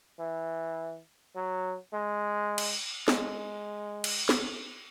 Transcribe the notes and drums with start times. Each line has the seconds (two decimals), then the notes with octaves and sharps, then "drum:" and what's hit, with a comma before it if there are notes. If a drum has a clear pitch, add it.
0.19 E3
1.36 F#3
1.93 G#3
2.58 drum: cymbal
3.08 G#3, drum: snare
4.04 drum: cymbal
4.29 drum: snare